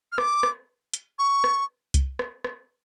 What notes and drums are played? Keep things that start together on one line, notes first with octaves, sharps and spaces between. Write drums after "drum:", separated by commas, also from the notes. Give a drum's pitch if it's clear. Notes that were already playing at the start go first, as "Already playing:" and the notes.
F6
D6, drum: rim click
drum: rim click
drum: hi-hat
C#6
drum: rim click
drum: kick C2, hi-hat
drum: rim click
drum: rim click